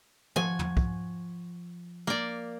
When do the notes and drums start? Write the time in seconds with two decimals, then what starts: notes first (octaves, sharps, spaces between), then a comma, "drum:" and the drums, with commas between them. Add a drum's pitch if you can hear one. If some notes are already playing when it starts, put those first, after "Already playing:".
0.36 F3 F#5 G#5 C#6, drum: tom
0.59 drum: tom
0.77 drum: kick
2.07 A#3 D5